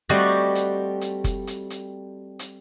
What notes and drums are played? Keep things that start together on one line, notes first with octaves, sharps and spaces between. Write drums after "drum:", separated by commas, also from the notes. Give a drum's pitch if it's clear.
G3 A3 C4 F#4 D5 D#5
drum: hi-hat
drum: hi-hat
drum: kick F#1, hi-hat
drum: hi-hat
drum: hi-hat
drum: hi-hat